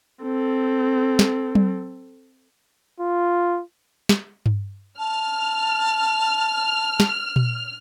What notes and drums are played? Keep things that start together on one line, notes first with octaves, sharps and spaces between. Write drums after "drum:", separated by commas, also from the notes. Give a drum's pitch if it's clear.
C4 A4
drum: snare
drum: tom F#3
F4
drum: snare
drum: tom G2
A5 F6
drum: snare
drum: tom A#2